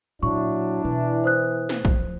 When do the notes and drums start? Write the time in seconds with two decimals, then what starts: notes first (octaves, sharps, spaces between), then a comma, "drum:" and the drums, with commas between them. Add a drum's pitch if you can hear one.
0.23 A#2 F#3 D4 E4 C#6
0.85 B2 E3
1.24 C5 D#6 F#6
1.69 drum: snare
1.85 D1 F3, drum: kick